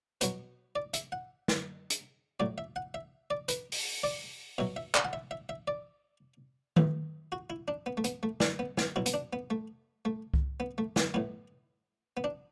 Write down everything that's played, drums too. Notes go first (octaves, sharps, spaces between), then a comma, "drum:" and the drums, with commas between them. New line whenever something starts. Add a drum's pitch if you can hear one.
B2 F#3 B4, drum: hi-hat
D5
E5, drum: hi-hat
F#5
drum: snare
drum: hi-hat
A2 F#3 D5
E5
F#5
E5
D5
B4, drum: hi-hat
drum: open hi-hat
D5
B2 F#3 E5
E5
D5, drum: clap
F#5
E5
E5
E5
D5
A2 E3, drum: tom D#3
F#4
E4
D4
B3
A3
B3, drum: hi-hat
A3
D4, drum: snare
B3
B3, drum: snare
B2 F#3 E4
B3, drum: hi-hat
D4
B3
A3
A3
drum: kick C2
B3
A3
B3, drum: snare
A2 E3 B3
B3
D4